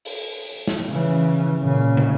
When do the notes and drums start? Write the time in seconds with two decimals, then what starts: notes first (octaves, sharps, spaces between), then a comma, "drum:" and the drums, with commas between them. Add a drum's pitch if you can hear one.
0.05 drum: open hi-hat
0.52 drum: tambourine
0.67 drum: snare
0.90 C#3 E3
1.62 A#2 C#3
1.97 drum: tom